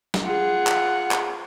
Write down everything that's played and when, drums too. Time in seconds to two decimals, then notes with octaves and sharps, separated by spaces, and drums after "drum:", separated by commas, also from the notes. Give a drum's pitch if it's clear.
0.14 drum: snare
0.25 F4 G#4 F#5
0.67 drum: clap
1.11 drum: clap